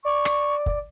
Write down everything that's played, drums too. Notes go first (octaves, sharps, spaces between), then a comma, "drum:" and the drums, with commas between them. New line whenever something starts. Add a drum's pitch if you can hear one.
D5 C#6
drum: rim click
drum: kick